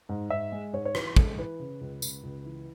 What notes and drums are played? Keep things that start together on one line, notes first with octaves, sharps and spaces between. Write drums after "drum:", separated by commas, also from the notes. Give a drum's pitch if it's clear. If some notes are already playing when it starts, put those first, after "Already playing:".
G#2
G#2 E5
G#3
G#2 C#5
C#5
E3 B4, drum: rim click
G#3 A4, drum: kick
E3 B4
C#3
C#2
C#2, drum: tambourine
C#2
E3